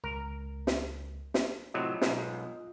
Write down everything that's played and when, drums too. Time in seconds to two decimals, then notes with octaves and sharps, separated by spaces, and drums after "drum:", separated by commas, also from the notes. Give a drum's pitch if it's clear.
0.04 C#2 A#4
0.67 drum: snare
1.34 drum: snare
1.74 A2 C3 F#3 F4 D#5
2.02 B1 G#2, drum: snare